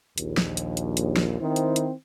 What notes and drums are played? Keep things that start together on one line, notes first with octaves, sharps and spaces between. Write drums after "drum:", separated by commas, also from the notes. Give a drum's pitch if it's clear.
A#1 D#2, drum: hi-hat
drum: snare
drum: hi-hat
drum: hi-hat
drum: hi-hat
drum: snare
D#3 C4 E4 C5
drum: hi-hat
drum: hi-hat